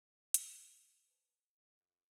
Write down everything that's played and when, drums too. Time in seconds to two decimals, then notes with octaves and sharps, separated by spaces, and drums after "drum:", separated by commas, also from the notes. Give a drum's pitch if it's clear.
0.15 F#4
0.34 drum: hi-hat
1.07 B4 C5 A5
1.76 F4 A4 F5